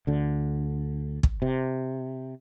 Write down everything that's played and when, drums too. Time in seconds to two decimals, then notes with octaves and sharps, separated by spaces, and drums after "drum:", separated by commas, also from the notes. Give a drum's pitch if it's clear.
0.07 D2 D3
1.23 drum: kick
1.42 C3